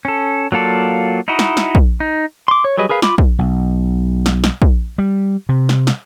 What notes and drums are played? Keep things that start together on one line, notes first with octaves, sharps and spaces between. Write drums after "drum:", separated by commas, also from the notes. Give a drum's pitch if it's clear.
C#4 A4
F#3 A#3 F4 A4 D5
D#4 E4 F#4 D#5
drum: snare
drum: snare
drum: kick
D#4
C6 D6
C#5
F#3 G3 G#4 B4 D#5
G#4 A#4 B4 F5
F4 B5 D6, drum: snare
drum: kick
B1
drum: snare
drum: snare
drum: kick
G3
C3
drum: snare
drum: snare